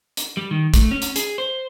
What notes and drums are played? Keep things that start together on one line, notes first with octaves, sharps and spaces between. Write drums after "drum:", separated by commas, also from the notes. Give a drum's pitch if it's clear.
drum: hi-hat
G3
D#3
A3, drum: kick, hi-hat
C#4
drum: hi-hat
G#4, drum: hi-hat
C5